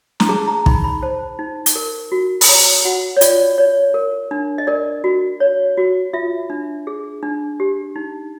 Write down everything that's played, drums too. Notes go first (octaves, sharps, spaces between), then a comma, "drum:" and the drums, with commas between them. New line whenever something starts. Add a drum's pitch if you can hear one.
A#5, drum: snare
G#4 A5
A#5
A#5
D#4 B5, drum: kick
B5
C5 A5
D#4
drum: hi-hat
A#4
F#4
B5, drum: open hi-hat
C#5 A#5
F#4 F#5
C#5
F4 D5, drum: hi-hat
C#5
A#4
D4
D#5
A#4 D5
F#4
C#5
F#4
F4 E5
D4
G#4
D4
G4
D#4